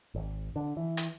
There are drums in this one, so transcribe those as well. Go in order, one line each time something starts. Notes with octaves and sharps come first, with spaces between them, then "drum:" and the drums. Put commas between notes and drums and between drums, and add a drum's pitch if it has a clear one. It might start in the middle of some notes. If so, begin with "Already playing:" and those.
G#1
D3
E3
drum: hi-hat